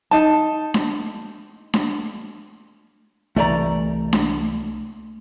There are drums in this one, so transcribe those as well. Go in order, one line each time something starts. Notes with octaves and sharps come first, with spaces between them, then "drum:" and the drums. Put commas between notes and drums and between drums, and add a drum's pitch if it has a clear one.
D#4 A5
drum: snare D4
drum: snare D4
C2 E3 A3 D5 A#5
drum: snare D4